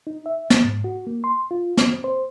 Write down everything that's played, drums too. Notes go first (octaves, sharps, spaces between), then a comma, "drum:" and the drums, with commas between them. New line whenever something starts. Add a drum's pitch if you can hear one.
D#4
E5
A6, drum: snare
G#2
F#4
A#3
C6
F4
C4, drum: snare
C5